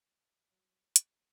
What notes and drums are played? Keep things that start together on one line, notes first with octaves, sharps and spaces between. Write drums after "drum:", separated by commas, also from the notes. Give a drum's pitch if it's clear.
F#3
D2, drum: hi-hat